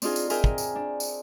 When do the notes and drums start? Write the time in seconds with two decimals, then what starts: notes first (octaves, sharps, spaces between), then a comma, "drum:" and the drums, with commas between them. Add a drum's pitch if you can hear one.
0.02 C4 D4 D#4 F4 G#4, drum: tambourine
0.16 drum: tambourine
0.30 G#4 A#4 E5 G5 G#5 A#5, drum: tambourine
0.44 drum: kick
0.58 drum: tambourine
0.75 D4
1.00 drum: tambourine